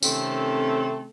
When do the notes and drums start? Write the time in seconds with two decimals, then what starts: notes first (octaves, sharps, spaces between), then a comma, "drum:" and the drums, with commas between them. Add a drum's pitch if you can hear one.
0.03 C3 D#3 A3 C4 C#4 A4, drum: tambourine